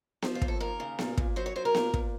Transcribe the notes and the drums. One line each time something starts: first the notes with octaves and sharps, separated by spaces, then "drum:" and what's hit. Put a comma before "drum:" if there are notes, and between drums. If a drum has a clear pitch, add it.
F3, drum: snare B3
F4
D#2, drum: kick
A4
D#2 A#4
C#3
A#2, drum: snare B3
A#2, drum: kick
F#3 C5
C#5
F#3 C5
A#4
A#2, drum: snare B3
A#2, drum: kick